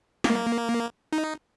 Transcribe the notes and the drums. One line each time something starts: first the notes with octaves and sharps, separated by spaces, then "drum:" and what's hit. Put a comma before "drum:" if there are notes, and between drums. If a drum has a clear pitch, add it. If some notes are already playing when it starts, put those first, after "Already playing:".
A#3, drum: snare
D#4